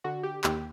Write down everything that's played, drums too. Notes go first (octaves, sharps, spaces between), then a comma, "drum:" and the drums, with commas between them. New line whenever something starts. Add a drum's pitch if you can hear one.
D3 F#4
G4
D#2 G4, drum: clap